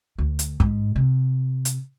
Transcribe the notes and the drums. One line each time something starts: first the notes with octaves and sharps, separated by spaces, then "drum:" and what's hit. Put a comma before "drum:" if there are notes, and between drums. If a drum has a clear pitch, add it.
D2
drum: hi-hat
G#2, drum: kick
C3
drum: hi-hat